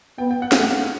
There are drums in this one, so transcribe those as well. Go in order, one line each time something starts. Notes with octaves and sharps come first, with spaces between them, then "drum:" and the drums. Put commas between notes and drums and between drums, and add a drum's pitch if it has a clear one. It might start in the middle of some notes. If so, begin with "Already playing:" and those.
B3 G5
G5
F#5
A3 F5, drum: snare
F#5